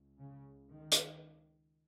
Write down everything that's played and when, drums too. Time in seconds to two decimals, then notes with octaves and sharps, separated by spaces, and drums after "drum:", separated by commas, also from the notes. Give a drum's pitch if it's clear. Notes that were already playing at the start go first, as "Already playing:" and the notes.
Already playing: C#2
0.19 C#3
0.71 D#3
0.92 drum: hi-hat